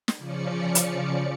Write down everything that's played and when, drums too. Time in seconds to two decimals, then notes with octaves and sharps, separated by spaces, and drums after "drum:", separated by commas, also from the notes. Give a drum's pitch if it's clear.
0.08 drum: snare
0.18 C#3 F3 C#4 D5 C#7
0.75 drum: hi-hat